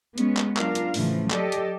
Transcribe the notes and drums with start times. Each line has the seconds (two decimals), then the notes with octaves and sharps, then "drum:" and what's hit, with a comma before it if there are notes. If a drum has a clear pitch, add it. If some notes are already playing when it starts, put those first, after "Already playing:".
0.18 G#3 B3 C#4, drum: hi-hat
0.37 drum: clap
0.57 F#3 D4 F4 A#4 F5, drum: clap
0.75 drum: hi-hat
0.94 A2 C#3 E3 F3, drum: open hi-hat
1.31 F#3 G4 A4 D5 D#5, drum: clap
1.52 drum: hi-hat